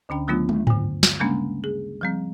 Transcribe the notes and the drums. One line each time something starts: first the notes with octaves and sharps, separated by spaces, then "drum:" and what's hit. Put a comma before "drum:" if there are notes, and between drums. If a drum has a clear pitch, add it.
D2 D3 C#4 D4 G5
D#3 F#3 A3 B3 D4 F4
drum: tom
G2 D3, drum: tom G#2
drum: snare
C#3 G3 G#3 A#3 C#4 D4
G#4
F3 G3 C4